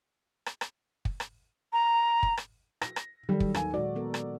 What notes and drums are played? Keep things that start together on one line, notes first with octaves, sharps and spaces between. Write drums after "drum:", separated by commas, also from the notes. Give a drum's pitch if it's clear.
drum: rim click
drum: rim click
drum: kick
drum: rim click
A#5
drum: kick
drum: rim click
A#6, drum: rim click
drum: rim click
D#3 F#3 G3 A4
drum: kick
D#2 G#5, drum: rim click
A#2 G#3 F#4 D5
B3 A4 A#4
drum: rim click